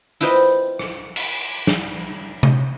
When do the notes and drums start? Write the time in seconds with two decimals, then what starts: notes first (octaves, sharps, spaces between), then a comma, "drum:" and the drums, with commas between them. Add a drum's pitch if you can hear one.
0.21 E4 F4 B4 C5 D#5 G5, drum: hi-hat
0.79 drum: rim click
1.16 drum: cymbal
1.67 drum: snare
2.43 drum: tom C3